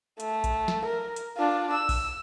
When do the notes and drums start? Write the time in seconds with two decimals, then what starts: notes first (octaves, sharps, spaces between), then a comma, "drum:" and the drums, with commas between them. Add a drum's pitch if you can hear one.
0.20 A3, drum: hi-hat
0.44 drum: kick A#1, hi-hat
0.68 drum: snare
0.85 A#4
1.16 drum: hi-hat
1.37 D4 F4
1.73 E6
1.89 drum: kick A#1, open hi-hat